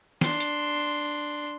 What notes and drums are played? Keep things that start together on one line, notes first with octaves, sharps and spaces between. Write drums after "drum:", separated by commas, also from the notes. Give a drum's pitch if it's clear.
D4 C6, drum: snare
drum: hi-hat